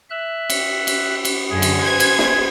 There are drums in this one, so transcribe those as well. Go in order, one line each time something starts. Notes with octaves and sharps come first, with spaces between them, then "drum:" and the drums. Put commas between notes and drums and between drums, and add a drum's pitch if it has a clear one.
E5 F#6
drum: cymbal
drum: cymbal
drum: cymbal
F#2 D3 G#4
drum: cymbal
B4 C5 G#6
drum: cymbal
drum: snare